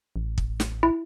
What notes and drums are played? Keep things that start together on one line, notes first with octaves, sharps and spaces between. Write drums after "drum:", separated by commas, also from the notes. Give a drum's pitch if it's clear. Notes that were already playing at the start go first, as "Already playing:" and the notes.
A1
drum: kick
drum: snare
E4